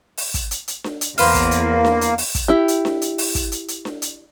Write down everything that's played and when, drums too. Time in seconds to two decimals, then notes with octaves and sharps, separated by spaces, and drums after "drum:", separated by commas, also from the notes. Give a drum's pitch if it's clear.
0.17 drum: open hi-hat
0.34 drum: kick, hi-hat
0.51 drum: hi-hat
0.68 drum: hi-hat
0.84 drum: snare D4
1.01 drum: hi-hat
1.18 E2 A#3 B4 C5 F5, drum: open hi-hat
1.34 drum: kick, hi-hat
1.51 drum: hi-hat
1.85 drum: snare D4
2.01 drum: hi-hat
2.18 drum: open hi-hat
2.35 drum: kick, hi-hat
2.48 E4 G4
2.68 drum: hi-hat
2.85 drum: snare D4
3.02 drum: hi-hat
3.18 drum: open hi-hat
3.35 drum: kick, hi-hat
3.52 drum: hi-hat
3.68 drum: hi-hat
3.85 drum: snare D4
4.02 drum: hi-hat